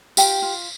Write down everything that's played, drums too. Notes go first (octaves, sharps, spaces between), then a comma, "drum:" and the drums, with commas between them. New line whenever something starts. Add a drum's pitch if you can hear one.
F4 G4 G5, drum: tambourine
F4